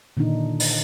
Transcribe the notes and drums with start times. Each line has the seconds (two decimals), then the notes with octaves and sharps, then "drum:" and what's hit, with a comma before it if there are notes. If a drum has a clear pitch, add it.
0.17 A#2 D3 D#3 D4 D#4
0.60 drum: open hi-hat